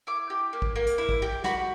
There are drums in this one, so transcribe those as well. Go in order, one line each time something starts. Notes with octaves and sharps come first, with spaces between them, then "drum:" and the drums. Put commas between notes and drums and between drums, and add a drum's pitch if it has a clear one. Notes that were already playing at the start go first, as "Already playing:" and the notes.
E4 D6
G4
A#3
drum: kick
A#3
drum: hi-hat
E4
drum: kick
G4
F#4 B5, drum: snare